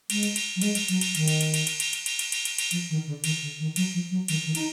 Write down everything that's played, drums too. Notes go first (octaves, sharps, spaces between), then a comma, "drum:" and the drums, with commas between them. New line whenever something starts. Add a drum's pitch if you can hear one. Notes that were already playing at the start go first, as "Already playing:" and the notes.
G#3, drum: cymbal
drum: cymbal
drum: cymbal
F#3
G#3, drum: cymbal
drum: cymbal
F#3, drum: cymbal
drum: cymbal
D#3, drum: cymbal
drum: cymbal
drum: cymbal
drum: cymbal
drum: cymbal
drum: cymbal
drum: cymbal
drum: cymbal
drum: cymbal
drum: cymbal
drum: cymbal
drum: cymbal
F3, drum: cymbal
D#3
D3
D#3, drum: cymbal
D3
D#3
F#3, drum: cymbal
F3
F#3
D#3, drum: cymbal
D#3
D#4, drum: cymbal